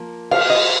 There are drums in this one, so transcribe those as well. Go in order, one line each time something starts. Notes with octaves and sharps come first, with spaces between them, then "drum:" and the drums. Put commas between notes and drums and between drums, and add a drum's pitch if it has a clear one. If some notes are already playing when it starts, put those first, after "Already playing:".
Already playing: F3 A#3
F5, drum: cymbal
D#5